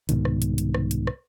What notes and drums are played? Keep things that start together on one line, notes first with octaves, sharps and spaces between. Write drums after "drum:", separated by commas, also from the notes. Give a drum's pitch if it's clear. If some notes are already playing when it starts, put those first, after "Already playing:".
C2 G#2 B2 D#3, drum: hi-hat
drum: rim click
drum: hi-hat
drum: hi-hat
drum: rim click
drum: hi-hat
drum: rim click